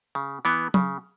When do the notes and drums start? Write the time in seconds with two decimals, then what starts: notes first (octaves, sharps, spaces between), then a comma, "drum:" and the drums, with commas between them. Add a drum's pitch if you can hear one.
0.15 C#3
0.45 E3 B3
0.74 C#3, drum: tom F#3